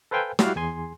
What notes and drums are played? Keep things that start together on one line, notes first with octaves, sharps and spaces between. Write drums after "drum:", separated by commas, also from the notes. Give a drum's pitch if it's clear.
A4 B4 C5 F5 G5 G#5
G3 E4 F#4 G4 D5 F5, drum: snare
E2 G#4 G#5 C6